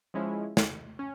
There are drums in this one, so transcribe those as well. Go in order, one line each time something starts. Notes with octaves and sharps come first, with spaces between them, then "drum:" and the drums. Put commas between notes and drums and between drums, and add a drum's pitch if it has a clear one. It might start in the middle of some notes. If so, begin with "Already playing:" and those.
F3 G#3 C#4 E4
drum: snare
C#4